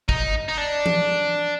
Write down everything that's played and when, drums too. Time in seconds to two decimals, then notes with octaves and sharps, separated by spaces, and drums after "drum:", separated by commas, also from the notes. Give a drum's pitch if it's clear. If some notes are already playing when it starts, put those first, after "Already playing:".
0.09 D#4, drum: kick
0.48 D#4
0.57 D4
0.86 drum: tom E3